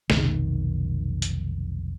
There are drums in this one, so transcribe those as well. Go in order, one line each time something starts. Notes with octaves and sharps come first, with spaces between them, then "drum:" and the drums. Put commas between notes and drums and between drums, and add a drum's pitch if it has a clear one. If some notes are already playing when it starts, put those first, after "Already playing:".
F1 B1 D#3, drum: snare
drum: hi-hat